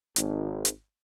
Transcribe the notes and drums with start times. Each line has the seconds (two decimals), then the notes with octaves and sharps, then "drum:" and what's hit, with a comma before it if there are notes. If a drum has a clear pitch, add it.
0.16 G#1, drum: hi-hat
0.65 drum: hi-hat